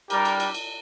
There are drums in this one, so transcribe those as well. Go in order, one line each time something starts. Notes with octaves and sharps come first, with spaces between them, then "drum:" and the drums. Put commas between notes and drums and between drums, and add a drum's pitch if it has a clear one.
G3 D4 G4 A#4, drum: cymbal
drum: cymbal
drum: cymbal
drum: cymbal